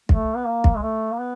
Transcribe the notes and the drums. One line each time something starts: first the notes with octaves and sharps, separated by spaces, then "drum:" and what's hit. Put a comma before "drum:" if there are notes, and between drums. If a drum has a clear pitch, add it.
A3, drum: kick
B3
A#3
drum: kick
G#3
A3
A#3
B3